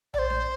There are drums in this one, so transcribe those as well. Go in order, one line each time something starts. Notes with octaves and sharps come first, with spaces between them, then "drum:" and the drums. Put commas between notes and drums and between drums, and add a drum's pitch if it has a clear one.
D5, drum: tom A#1
C5
drum: snare C#4